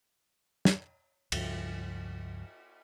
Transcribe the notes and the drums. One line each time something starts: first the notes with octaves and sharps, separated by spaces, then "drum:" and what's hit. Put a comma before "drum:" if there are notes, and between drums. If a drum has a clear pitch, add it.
drum: snare
C#2 G2 F3, drum: cymbal